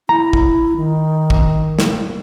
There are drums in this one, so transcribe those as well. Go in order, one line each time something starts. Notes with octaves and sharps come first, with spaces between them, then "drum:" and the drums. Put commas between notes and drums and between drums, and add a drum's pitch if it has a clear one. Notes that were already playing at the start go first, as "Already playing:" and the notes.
E4 A#5
drum: kick
D#3
drum: kick
drum: snare